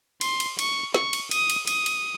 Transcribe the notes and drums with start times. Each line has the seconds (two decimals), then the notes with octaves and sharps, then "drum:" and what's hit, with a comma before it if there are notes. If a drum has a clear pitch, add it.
0.21 C6, drum: cymbal
0.40 drum: cymbal
0.59 C#6, drum: cymbal
0.94 C#6, drum: snare
1.13 drum: cymbal
1.31 D#6, drum: cymbal
1.50 drum: cymbal
1.67 D#6, drum: cymbal
1.86 drum: cymbal